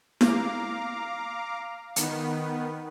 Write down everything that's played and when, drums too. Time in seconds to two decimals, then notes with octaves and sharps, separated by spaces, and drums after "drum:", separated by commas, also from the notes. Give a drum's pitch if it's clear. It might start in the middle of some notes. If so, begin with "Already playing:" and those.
0.21 F5 A#5 D6, drum: snare E4
1.96 D#3 B3, drum: hi-hat